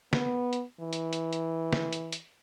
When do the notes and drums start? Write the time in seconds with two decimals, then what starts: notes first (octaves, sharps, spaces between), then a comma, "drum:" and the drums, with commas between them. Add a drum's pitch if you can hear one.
0.13 B3, drum: snare
0.53 drum: hi-hat
0.80 E3
0.93 drum: hi-hat
1.13 drum: hi-hat
1.33 drum: hi-hat
1.73 drum: snare
1.93 drum: hi-hat
2.13 drum: hi-hat